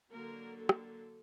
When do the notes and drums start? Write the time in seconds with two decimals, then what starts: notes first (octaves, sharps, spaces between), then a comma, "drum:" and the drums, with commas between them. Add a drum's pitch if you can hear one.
0.10 D3 F#3 A#3 A#4
0.55 A4
0.69 drum: rim click